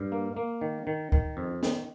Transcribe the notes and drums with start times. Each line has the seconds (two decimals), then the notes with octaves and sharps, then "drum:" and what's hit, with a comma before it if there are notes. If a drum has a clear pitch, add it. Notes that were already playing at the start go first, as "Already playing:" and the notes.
Already playing: G2
0.12 A#3
0.37 A#3
0.61 D#3
0.87 D#3
1.12 D#3, drum: kick
1.37 F2
1.63 D#3, drum: snare